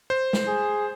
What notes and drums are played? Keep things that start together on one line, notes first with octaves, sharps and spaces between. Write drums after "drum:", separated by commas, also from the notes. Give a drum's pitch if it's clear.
C5
drum: snare
G#4